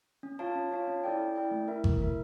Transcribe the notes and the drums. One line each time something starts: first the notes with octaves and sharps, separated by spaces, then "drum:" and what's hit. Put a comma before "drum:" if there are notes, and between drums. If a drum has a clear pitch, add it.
C#4
F4 C#5 F5 A5
C#4
F4 C#5 F5 A5
C#4
E4 A4 D5 G5
C#4
E4 A4 D5 G5
A3
E4 A#4 E5
A3, drum: kick G#1
E4 A#4 E5